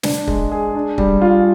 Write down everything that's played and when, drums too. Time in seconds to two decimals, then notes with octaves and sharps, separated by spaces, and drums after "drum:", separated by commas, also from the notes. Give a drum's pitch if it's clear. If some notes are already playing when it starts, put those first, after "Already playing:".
0.03 D4, drum: snare
0.28 G#3, drum: kick
0.51 G#4
0.74 D4
0.98 G3, drum: kick
1.21 F4